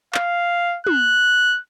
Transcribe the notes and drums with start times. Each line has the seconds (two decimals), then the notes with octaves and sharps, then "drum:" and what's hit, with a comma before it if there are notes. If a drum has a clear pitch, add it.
0.14 F5, drum: clap
0.87 F#6, drum: tom